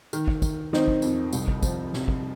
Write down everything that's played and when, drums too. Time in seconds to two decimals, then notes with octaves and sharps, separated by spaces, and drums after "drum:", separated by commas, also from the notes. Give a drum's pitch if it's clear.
0.13 D#3, drum: tambourine
0.28 drum: kick
0.42 D#3, drum: kick, tambourine
0.73 D#3 C4 D#4, drum: snare
0.88 drum: kick
1.02 F2, drum: tambourine
1.33 C2, drum: tambourine
1.48 drum: kick
1.63 F3, drum: kick, tambourine
1.93 C3, drum: snare
2.08 drum: kick